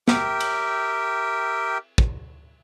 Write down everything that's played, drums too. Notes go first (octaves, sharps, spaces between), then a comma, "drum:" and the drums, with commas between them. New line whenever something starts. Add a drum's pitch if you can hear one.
G4 A#4 E5 G5, drum: snare
drum: cymbal
drum: kick